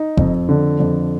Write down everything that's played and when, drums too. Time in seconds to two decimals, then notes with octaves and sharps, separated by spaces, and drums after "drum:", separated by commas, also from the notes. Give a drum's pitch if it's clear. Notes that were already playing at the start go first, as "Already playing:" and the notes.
Already playing: D#4
0.17 F2, drum: kick F#1
0.49 D3
0.80 F2